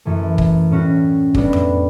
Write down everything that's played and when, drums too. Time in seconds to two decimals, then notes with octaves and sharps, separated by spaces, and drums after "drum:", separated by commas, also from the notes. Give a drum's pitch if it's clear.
0.05 F#2 E3 A3
0.38 drum: kick
0.71 A2 G3 C#4 F#4
1.35 A2 G3 B3 D4 F#4, drum: kick
1.53 drum: tom F2